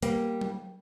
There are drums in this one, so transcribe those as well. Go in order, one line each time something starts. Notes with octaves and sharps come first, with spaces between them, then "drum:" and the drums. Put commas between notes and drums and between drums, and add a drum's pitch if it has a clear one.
G3 A#3, drum: hi-hat
drum: tom F#3